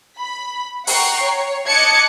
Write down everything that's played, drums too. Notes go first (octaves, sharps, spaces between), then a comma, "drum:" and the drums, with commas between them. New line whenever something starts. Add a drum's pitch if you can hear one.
B5
F#5 G5 A#5 C#6 C7, drum: open hi-hat
C#5
D#5 A5 D6 F#6 G#6 C#7